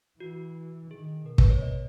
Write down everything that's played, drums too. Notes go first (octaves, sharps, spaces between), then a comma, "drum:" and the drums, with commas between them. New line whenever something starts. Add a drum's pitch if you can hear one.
E3 F#4
D#3 G#4
B2 A#4
B4, drum: kick
C#5
D#5